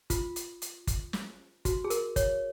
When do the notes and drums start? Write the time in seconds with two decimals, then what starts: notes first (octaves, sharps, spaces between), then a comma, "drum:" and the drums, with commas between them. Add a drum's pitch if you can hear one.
0.10 F4, drum: kick G1, hi-hat
0.36 drum: hi-hat
0.62 drum: hi-hat
0.87 drum: kick G1, hi-hat
1.13 drum: snare
1.65 F#4, drum: kick G1, hi-hat
1.84 G#4
1.90 A#4, drum: hi-hat
2.16 C#5, drum: kick G1, hi-hat